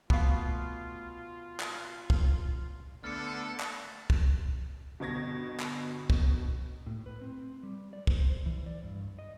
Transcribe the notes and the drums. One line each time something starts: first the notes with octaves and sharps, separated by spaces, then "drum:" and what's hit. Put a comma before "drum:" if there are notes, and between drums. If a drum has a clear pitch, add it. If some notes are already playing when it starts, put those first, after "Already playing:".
B2 A3 B3 F4 F5, drum: kick
drum: clap
drum: kick
D3 A3 B3 A4 F6 C#7
drum: clap
drum: kick
G1 B2 G#6 A#6
drum: clap
drum: kick
A2
B4
C4
G3
D5
C5, drum: kick
E3
D5
G2
D#5